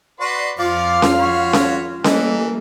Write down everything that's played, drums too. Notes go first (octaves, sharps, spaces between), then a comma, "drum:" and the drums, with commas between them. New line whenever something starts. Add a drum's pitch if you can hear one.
F#4 B4 D5 C6
F2 F3 F4 D5 F5 D6 F6
drum: snare C#4
F#4 C#5 B5
drum: snare C#4
E3 G3 A3 A#3 D#5, drum: snare C#4